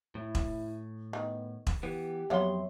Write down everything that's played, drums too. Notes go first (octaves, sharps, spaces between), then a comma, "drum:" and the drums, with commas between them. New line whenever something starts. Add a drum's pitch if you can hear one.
A2 E4
drum: kick E1
D#3 B3
drum: kick E1
E3 B3 G4
F2 F#3 A#3 B3 C#5 E5 F#5 C6